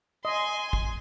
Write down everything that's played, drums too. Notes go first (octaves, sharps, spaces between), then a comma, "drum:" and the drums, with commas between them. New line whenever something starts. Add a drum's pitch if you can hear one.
D#5 G#5 C6
drum: kick